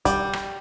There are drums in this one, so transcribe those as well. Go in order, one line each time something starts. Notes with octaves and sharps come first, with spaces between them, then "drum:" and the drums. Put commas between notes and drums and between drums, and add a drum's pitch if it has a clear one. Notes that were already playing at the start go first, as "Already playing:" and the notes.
G3, drum: kick, hi-hat
drum: rim click